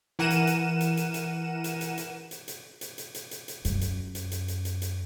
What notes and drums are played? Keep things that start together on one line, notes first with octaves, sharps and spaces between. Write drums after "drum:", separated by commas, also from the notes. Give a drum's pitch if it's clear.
E3 A#4 F#5 D#7 E7
drum: hi-hat
drum: hi-hat
drum: hi-hat
drum: hi-hat
drum: hi-hat
drum: hi-hat
drum: hi-hat
drum: hi-hat
drum: hi-hat
drum: hi-hat
drum: hi-hat
drum: hi-hat
drum: hi-hat
drum: hi-hat
drum: hi-hat
F#2, drum: hi-hat
drum: hi-hat
drum: hi-hat
drum: hi-hat
drum: hi-hat
drum: hi-hat
drum: hi-hat